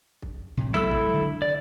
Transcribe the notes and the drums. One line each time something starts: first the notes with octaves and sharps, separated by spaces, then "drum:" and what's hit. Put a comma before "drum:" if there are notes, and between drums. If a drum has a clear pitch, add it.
drum: kick
A2 C3
F#3 G#3 B3 E4 A4 E6, drum: tom A#1
drum: kick
D3
D5